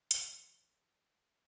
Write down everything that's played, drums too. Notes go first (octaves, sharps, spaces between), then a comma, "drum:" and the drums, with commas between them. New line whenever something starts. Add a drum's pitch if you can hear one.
E3, drum: hi-hat